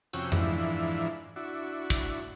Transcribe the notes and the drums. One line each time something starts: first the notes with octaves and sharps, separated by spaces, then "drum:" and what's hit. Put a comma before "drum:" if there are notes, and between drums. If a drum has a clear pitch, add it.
F2 C3 C#4 F#4 G5 E6, drum: hi-hat
G#2 E3 F3 D4 E4, drum: tom F2
D4 E4 F#4
drum: kick